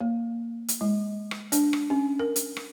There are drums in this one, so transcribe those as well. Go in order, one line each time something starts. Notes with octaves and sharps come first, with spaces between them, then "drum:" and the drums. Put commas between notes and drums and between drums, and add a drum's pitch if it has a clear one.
A#3
drum: hi-hat
G#3
drum: rim click
D4, drum: hi-hat
drum: rim click
C#4
A#4
drum: hi-hat
drum: rim click